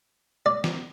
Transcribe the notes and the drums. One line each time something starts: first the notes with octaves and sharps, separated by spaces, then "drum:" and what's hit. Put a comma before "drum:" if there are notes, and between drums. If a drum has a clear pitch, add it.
D5
drum: snare